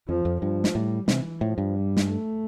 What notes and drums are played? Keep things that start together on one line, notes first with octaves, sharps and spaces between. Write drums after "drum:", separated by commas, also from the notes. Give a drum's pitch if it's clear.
F2 F3
F2
G2 F3
drum: snare
A2 G3
C3 E3, drum: snare
A2 F3
G2
G3
drum: snare
A3